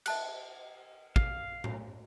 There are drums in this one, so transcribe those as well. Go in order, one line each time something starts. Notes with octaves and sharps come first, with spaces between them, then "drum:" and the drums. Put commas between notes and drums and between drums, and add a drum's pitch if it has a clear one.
E5 A5 F#6, drum: cymbal
F5, drum: kick
drum: tom A2